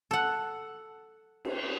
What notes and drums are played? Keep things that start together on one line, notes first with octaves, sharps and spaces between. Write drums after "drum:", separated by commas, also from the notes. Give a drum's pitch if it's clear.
A4 F#5
drum: cymbal